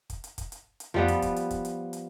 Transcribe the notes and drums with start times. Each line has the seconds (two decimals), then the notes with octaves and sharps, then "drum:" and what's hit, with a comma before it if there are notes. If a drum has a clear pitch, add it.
0.10 drum: kick, hi-hat
0.24 drum: hi-hat
0.38 drum: kick, hi-hat
0.52 drum: hi-hat
0.80 drum: hi-hat
0.94 F3 G3 B3, drum: tom F2
1.08 drum: hi-hat
1.22 drum: kick, hi-hat
1.36 drum: hi-hat
1.51 drum: kick, hi-hat
1.65 drum: hi-hat
1.93 drum: hi-hat